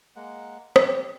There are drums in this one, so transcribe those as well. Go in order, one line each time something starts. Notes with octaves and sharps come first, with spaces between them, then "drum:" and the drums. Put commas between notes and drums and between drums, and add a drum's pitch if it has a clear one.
G#3 A#3 F#5
G4, drum: rim click